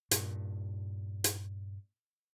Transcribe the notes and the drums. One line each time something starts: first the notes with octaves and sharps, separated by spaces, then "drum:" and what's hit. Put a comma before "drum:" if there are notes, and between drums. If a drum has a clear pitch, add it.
G2 A#2, drum: hi-hat
drum: hi-hat